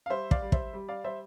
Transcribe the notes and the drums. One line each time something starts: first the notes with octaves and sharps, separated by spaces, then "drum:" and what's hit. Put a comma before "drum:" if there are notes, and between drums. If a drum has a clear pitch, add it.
F5
G3 C5 E5
D5 F5, drum: kick
G3
C5 E5, drum: kick
G3
D5 F5
G3 C5 E5